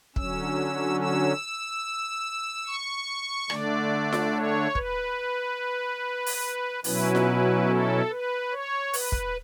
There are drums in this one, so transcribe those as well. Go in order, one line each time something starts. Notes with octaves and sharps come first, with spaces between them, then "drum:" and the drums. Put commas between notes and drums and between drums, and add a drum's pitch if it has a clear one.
D3 F#3 C#4 E6, drum: kick
E6
C#6
D3 A3 D4 D5, drum: rim click
drum: snare F4
C#5
B4, drum: kick
drum: open hi-hat
B2 F#3 C#4 E4 B4, drum: open hi-hat
drum: snare F4
A4
B4
C#5
B4, drum: open hi-hat
drum: kick